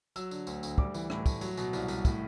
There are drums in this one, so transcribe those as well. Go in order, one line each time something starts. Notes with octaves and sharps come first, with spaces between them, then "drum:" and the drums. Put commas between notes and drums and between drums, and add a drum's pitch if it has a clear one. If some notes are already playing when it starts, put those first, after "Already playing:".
F#3 E6, drum: tambourine
D3, drum: tambourine
D2, drum: tambourine
D2, drum: tambourine
G3 D6, drum: kick
E3, drum: tambourine
A2, drum: rim click
A2, drum: kick, tambourine
F#3, drum: tambourine
B2, drum: tambourine
C2, drum: tambourine
C2, drum: tambourine
A2, drum: kick, tambourine